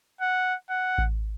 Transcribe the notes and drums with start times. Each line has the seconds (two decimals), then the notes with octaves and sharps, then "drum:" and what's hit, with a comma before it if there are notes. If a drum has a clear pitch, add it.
0.21 F#5
0.70 F#5
0.98 drum: kick A1